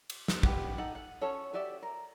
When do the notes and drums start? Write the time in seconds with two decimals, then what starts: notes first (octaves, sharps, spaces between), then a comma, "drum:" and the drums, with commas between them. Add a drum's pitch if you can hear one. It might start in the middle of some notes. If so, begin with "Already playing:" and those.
0.10 drum: cymbal
0.28 drum: snare
0.43 F#4 G4 B4, drum: kick
0.78 D#4 A4 F#5
0.95 F#5
1.21 C#4 F#4 A4 C#5
1.53 F#4 G4 D5 E5
1.83 A#4